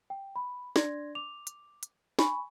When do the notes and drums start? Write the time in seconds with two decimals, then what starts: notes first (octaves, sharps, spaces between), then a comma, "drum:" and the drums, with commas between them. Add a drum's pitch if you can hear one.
0.10 G5
0.36 B5
0.76 D4 D5 C6 G#6 A#6, drum: snare
1.15 D6 F7
1.47 drum: hi-hat
1.83 drum: hi-hat
2.19 G#5 B5 C#6, drum: snare